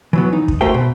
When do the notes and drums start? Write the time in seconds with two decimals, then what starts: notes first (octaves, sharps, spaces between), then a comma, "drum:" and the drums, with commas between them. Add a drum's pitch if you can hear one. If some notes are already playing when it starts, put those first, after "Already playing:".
0.13 E3 F#3 B3
0.33 D#4
0.48 drum: kick
0.61 A3 F#4 A#4 C5 E5 G5
0.74 B2